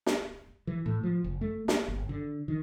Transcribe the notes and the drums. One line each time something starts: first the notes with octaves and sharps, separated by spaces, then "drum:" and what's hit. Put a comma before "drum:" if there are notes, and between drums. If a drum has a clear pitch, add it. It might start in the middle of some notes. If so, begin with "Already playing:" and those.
drum: snare
E3
A2
F3
F#1
A3
A#3, drum: snare
G1
D3
D#3